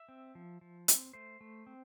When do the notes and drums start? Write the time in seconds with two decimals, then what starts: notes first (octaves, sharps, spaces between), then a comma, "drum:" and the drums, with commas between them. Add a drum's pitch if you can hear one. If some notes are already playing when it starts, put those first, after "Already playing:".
Already playing: E5
0.09 C4
0.35 F3
0.61 F3
0.88 C4, drum: hi-hat
1.13 A3 C5
1.41 A3
1.67 C4